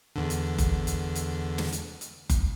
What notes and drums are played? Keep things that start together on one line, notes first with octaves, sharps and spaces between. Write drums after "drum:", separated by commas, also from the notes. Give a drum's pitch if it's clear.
E2 D3
drum: hi-hat
drum: kick F#1, hi-hat
drum: hi-hat
drum: hi-hat
drum: snare
drum: hi-hat
drum: hi-hat
drum: kick F#1, hi-hat